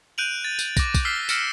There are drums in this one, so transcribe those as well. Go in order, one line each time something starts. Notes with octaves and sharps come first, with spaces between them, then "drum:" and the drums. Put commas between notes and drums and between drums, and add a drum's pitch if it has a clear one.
F#6 G6 D7 D#7 F7 F#7
A6
drum: tambourine
D6 A#6, drum: kick, tambourine
drum: kick, tambourine
E6 F6 B6 C7 G7
E6 F6 A#6 C#7 D7 E7, drum: tambourine